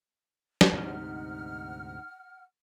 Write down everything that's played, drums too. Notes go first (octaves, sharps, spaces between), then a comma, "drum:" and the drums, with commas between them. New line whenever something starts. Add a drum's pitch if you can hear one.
drum: snare
D2 G#2 C3 D#4 F#5 F6